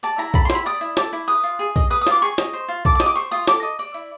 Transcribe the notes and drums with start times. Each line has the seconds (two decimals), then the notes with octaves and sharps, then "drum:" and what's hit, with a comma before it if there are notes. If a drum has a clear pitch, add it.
0.03 D5 A5, drum: tambourine
0.18 E4 A#5, drum: tambourine
0.34 A4 B5, drum: kick B1, tambourine
0.45 C6
0.50 E4, drum: snare
0.55 B5
0.66 D5 D#6, drum: tambourine
0.81 E4, drum: tambourine
0.97 A4 D6, drum: snare
1.13 E4, drum: tambourine
1.28 B4 D#6, drum: tambourine
1.44 F4, drum: tambourine
1.59 G#4, drum: tambourine
1.76 D#5, drum: kick B1, tambourine
1.90 B4 D#6, drum: tambourine
2.01 D#6
2.07 F4 D6, drum: snare
2.22 G#4 C#6, drum: tambourine
2.38 D#5, drum: snare
2.53 C5, drum: tambourine
2.68 F4
2.85 A4 D6, drum: kick B1, tambourine
2.95 D6
3.00 D#5, drum: snare
3.06 D6
3.15 C5 C#6, drum: tambourine
3.31 F4 D#6, drum: tambourine
3.47 A4 D6, drum: snare
3.62 D#5, drum: tambourine
3.79 D5, drum: tambourine
3.94 E4, drum: tambourine